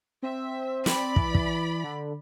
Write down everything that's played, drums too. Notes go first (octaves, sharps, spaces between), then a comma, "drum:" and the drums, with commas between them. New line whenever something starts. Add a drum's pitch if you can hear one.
C4 E5
D5 B5, drum: snare
E3, drum: kick
drum: kick
D3